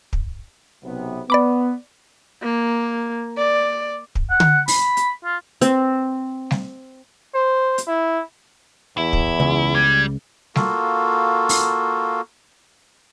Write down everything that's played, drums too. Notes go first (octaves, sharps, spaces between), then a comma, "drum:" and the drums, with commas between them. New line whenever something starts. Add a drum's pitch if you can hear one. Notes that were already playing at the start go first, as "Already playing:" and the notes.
drum: kick
B1 C3 B3
B3 D5 B5 D6
A#3
D5
drum: kick
F#5
drum: tom D3
B5, drum: open hi-hat
drum: hi-hat
F4
C4, drum: hi-hat
drum: snare G3
C5
drum: hi-hat
E4
E2 E4
drum: kick
C#2
G3 G#6
A#3 F4 F#4 A4, drum: snare G3
drum: open hi-hat